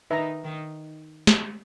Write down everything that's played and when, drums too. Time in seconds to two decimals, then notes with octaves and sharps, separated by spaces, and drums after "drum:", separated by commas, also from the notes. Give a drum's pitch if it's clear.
0.10 D#3 D#4 B4 E5 A#5
0.44 D#3 D#4
1.27 drum: snare